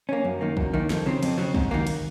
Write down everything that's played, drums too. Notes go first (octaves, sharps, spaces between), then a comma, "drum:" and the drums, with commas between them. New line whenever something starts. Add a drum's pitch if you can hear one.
A#3 C#4
F#2
D#3 A#3
F#2, drum: kick
D#3 A#3
F2, drum: snare
C#3 F#3 C4
F2, drum: cymbal
C#3 F#3 C4
G#2, drum: kick
D#3 F#3 A#3
drum: cymbal